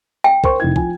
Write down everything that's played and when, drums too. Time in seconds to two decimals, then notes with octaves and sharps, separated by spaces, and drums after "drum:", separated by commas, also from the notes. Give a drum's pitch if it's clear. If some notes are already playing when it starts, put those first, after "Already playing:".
0.24 G5
0.44 A#4 C5 C#6, drum: kick
0.60 F1 E4 G#6
0.76 F3 G#5, drum: kick